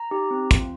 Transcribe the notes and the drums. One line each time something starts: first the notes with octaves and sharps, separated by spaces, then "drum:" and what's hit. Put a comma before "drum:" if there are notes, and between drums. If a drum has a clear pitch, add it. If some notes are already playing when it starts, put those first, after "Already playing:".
Already playing: A#5
D#4 G4
C4
F4, drum: kick, hi-hat